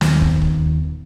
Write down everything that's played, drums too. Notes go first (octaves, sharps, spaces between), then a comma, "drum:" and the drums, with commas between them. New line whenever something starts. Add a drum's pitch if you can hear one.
D#1 D#3 B3, drum: snare
drum: kick
drum: kick